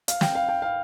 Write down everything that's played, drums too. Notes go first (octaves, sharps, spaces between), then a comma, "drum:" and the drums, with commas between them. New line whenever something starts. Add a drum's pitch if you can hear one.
F5, drum: hi-hat
G5, drum: snare
F5
G5
F5